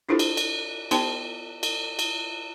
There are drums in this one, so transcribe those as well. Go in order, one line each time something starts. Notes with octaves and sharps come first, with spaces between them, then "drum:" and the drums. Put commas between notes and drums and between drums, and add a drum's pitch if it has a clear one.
D4 E4 F4 G4 A4 C5
drum: cymbal
drum: cymbal
B3 D#4 G4 C5 G5 A5, drum: cymbal
drum: cymbal
drum: cymbal